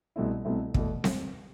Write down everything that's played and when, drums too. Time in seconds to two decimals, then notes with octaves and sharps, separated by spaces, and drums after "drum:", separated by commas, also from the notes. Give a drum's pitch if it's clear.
0.16 C2 B2 A3 C4 E4
0.45 C2 B2 A3 C4 E4
0.74 E2 B2 A3, drum: kick
1.04 drum: snare C4